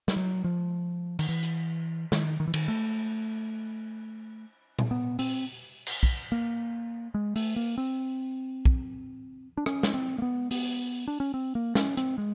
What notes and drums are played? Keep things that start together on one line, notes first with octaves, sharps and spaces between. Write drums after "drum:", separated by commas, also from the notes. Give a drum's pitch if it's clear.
G3, drum: snare
F#3
F3
D#3, drum: cymbal
E3
drum: hi-hat
D#3, drum: snare
D#3
E3
D#3, drum: cymbal
A3
drum: tom A#2
B3
C4, drum: open hi-hat
drum: cymbal
drum: kick
A#3
G#3
A3, drum: open hi-hat
A#3
C4
drum: kick
D4
C#4, drum: rim click
drum: snare
C4
A#3
B3
B3, drum: open hi-hat
D4
C#4
C4
A#3
C#4, drum: snare
C4, drum: hi-hat
G#3